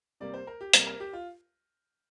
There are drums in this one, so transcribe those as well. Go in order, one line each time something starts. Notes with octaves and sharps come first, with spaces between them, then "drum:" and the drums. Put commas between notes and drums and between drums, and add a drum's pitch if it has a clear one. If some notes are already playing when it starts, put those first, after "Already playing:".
C3 G3 A#3 D5
C5
A#4
G4
C3 G3 A#3 A#4, drum: hi-hat
A#4
G4
F4